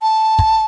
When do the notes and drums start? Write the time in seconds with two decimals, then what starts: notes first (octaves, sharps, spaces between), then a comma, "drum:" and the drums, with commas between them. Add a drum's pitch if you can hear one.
0.02 A5
0.39 drum: kick